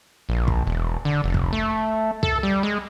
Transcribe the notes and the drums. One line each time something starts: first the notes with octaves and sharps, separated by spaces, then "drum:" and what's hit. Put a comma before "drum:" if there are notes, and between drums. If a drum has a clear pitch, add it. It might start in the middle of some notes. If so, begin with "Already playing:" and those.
A#1
drum: kick
E1
D3
F1
drum: kick
A3
A4, drum: kick
G3
G#3